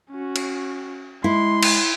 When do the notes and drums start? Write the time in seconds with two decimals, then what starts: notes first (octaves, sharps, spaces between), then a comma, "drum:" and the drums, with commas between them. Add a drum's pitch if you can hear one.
0.11 C#4 F#4
0.36 drum: cymbal
1.24 G#3 E4 C6
1.63 drum: cymbal